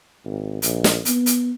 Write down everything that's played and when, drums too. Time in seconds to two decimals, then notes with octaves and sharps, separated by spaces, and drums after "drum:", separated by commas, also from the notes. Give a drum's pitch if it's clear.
0.25 G#1
0.62 A#1, drum: hi-hat
0.84 drum: snare
1.05 B3, drum: hi-hat
1.26 drum: hi-hat